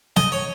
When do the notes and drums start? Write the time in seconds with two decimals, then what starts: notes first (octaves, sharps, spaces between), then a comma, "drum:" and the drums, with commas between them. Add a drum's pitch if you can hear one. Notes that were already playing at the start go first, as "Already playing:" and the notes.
0.16 D#5, drum: snare
0.32 C#5